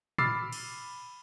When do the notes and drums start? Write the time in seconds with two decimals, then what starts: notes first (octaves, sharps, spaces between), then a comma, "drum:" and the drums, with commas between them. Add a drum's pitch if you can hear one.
0.18 B5 D6 E6 F6 A6 C7, drum: tom A2
0.52 drum: cymbal